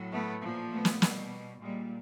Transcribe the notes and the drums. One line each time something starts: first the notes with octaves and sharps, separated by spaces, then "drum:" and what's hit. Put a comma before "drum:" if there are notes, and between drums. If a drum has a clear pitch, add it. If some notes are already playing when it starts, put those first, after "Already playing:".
Already playing: A2 F#3
A3 B3
A#2 F3
A3 B3
drum: snare
B2 G3, drum: snare
A#2 G3 G#3